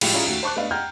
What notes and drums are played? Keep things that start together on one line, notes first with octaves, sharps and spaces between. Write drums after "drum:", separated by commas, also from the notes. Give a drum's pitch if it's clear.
A2 F3 G#3 D#4 F4 G4, drum: cymbal
C#4 E4 F4 G#4 D5 A#5
D#2 A3 F#4
C5 A5 C#6 D6 F#6
A3 B3 D4 D#5 F5
F#5 G5 A#5 F6 G6 G#6